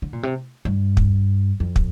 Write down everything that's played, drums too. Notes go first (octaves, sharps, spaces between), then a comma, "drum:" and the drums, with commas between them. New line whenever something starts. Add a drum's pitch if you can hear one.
D3
A#2
C3
G2
drum: kick
F2
drum: kick